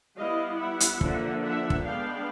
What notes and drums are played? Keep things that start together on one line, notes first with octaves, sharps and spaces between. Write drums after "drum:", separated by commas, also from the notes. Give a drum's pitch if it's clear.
G3 B3 E4 D#5 F5
E5 F#5
drum: hi-hat
D3 F3 A#3 D4, drum: kick
E5 F#5
drum: kick
G#3 B3 D4 F5 G5